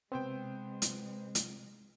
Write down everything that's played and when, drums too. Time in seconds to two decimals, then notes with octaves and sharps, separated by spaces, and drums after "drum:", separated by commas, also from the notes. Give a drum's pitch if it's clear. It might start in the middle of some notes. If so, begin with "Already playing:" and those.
0.12 C3 G#3 B3 C4 C5 G5
0.82 drum: hi-hat
1.35 drum: hi-hat